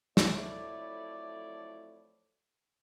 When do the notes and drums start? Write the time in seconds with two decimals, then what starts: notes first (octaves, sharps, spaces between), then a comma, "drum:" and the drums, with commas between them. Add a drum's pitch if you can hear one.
0.17 F2 F#3 A3 E4 C#5 D5, drum: snare